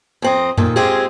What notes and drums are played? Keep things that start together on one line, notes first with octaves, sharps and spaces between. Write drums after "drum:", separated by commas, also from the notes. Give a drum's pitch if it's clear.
F2 C4 D#5
A#2 D#3 A4, drum: tom F2
G#3 C4 F4 G4 G#4